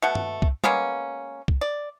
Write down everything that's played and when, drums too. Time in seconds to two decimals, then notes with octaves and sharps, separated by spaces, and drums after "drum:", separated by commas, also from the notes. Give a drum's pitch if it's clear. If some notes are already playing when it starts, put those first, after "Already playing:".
0.02 B2 A3 F#5
0.15 drum: tom G2
0.42 drum: kick
0.64 G#3 A#3 B3 C#4, drum: tom
1.48 drum: kick
1.61 D5